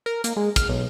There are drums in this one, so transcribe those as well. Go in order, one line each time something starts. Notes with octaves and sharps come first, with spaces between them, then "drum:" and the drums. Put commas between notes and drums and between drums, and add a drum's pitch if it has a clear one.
A#4
A#3, drum: hi-hat
G#3
F6, drum: kick, hi-hat
B1